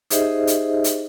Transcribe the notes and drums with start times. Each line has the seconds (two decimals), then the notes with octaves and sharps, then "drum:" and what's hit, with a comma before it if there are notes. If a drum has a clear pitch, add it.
0.10 D#4 G4 G#4 C5 D#5 E5, drum: hi-hat
0.47 drum: hi-hat
0.84 drum: hi-hat